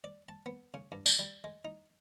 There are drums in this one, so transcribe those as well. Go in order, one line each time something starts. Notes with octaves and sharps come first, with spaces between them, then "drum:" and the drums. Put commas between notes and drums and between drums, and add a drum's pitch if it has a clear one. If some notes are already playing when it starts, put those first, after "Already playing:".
D5
A5
B3
C#3
G2
D4, drum: tambourine
G3
G#3
D#4